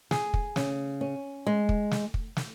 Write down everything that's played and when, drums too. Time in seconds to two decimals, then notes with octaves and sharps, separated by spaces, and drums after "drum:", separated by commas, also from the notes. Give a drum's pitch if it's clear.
0.11 G#4, drum: snare
0.34 drum: kick
0.56 C#3, drum: snare
1.01 C#4
1.47 G#3
1.69 drum: kick
1.91 drum: snare
2.14 drum: kick
2.37 drum: snare